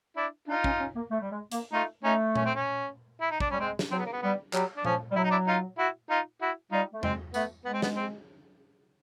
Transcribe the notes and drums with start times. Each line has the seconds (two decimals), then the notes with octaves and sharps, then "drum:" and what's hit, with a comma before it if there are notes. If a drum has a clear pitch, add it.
0.16 D4 E4
0.48 D4 D#4 F4
0.64 C#4, drum: kick
0.80 C#4
0.96 A#3
1.11 A3
1.21 G3
1.31 G#3
1.52 A#3, drum: hi-hat
1.73 A3 D#4 F4
2.04 A3 C#4 D#4
2.35 C#4, drum: tom A#2
2.46 C4
2.55 C#4
3.21 E4
3.31 D#4
3.40 D4, drum: kick
3.50 G3 C#4
3.60 G#3 C4
3.79 drum: snare
3.91 F#3 C4
3.99 B3
4.06 A#3
4.12 B3
4.22 G3 B3
4.53 F#3 G3, drum: clap
4.77 D4
4.85 F3 C#4, drum: tom A#2
5.11 G3
5.16 F#3 E4
5.24 D#4
5.31 D4 E4
5.47 D#4 F4
5.78 E4 F#4
6.10 D#4 F4
6.41 E4 F#4
6.72 G3 D#4 F4
6.93 A3
7.03 G#3 C4, drum: tom
7.34 A3 B3, drum: tambourine
7.65 G#3 B3
7.74 C4
7.82 B3, drum: snare
7.96 C4